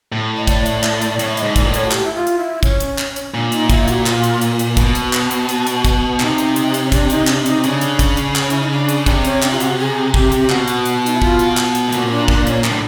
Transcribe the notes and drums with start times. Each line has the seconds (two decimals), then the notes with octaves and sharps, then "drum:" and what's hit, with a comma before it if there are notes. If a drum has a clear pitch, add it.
0.12 A2
0.37 D#5
0.47 D5, drum: kick, hi-hat
0.66 drum: hi-hat
0.84 drum: clap
1.02 drum: hi-hat
1.12 D5
1.19 A2 C#5, drum: hi-hat
1.29 E5
1.37 D#5, drum: hi-hat
1.43 G#2
1.56 A#2 D5, drum: kick, hi-hat
1.67 A2
1.74 C#5, drum: hi-hat
1.86 F#4
1.91 G4, drum: clap
2.05 E4
2.15 F4
2.27 drum: hi-hat
2.39 E4
2.63 C#4, drum: kick, hi-hat
2.80 drum: hi-hat
2.98 drum: clap
3.16 drum: hi-hat
3.34 A#2 D4
3.52 D#4, drum: hi-hat
3.70 E4, drum: kick, hi-hat
3.88 F#4, drum: hi-hat
4.06 F4, drum: clap
4.24 drum: hi-hat
4.41 drum: hi-hat
4.59 drum: hi-hat
4.77 B2, drum: kick, hi-hat
4.95 drum: hi-hat
5.13 drum: clap
5.31 drum: hi-hat
5.49 drum: hi-hat
5.67 drum: hi-hat
5.85 drum: kick, hi-hat
6.20 C3 D#4, drum: clap
6.38 drum: hi-hat
6.56 drum: hi-hat
6.74 drum: hi-hat
6.85 C#4
6.92 D4, drum: kick, hi-hat
7.10 D#4, drum: hi-hat
7.27 D4, drum: clap
7.46 D#4, drum: hi-hat
7.64 C#3 D4, drum: hi-hat
7.81 drum: hi-hat
7.99 drum: kick, hi-hat
8.17 drum: hi-hat
8.35 C#4, drum: clap
8.50 E4, drum: hi-hat
8.61 D#4
8.71 D4
8.89 drum: hi-hat
9.06 C3 D4, drum: kick, hi-hat
9.21 D4
9.25 C#4, drum: hi-hat
9.42 D4, drum: clap
9.51 F4
9.60 F#4, drum: hi-hat
9.78 G#4
10.14 G4, drum: kick
10.32 drum: hi-hat
10.50 B2 F#4, drum: clap
10.68 drum: hi-hat
10.85 drum: hi-hat
11.06 D#4, drum: hi-hat
11.14 E4
11.22 F4, drum: kick
11.39 drum: hi-hat
11.57 drum: clap
11.75 drum: hi-hat
11.89 A2
11.92 A#2 F#4, drum: hi-hat
12.06 C#4
12.11 D4
12.28 D4, drum: kick
12.47 C#4, drum: hi-hat
12.64 A#2 D4, drum: clap
12.72 A2